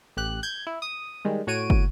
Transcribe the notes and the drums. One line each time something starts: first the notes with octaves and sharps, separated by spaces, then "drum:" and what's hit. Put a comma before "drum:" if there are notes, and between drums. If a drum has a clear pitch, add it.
A1 G4 F#6
G6 G#6
E4
D#6
D#3 G3 G#3
A2 F#4 C#5 D7 D#7
drum: kick